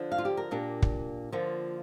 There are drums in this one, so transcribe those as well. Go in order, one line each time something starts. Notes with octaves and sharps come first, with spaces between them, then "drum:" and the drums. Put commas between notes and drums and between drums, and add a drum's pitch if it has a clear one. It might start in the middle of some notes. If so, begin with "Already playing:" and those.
Already playing: D3 F3 D4
F5
F4
G4
A#4
A#2 A#3 D4 G4
drum: kick
D3 F3 A#3 F4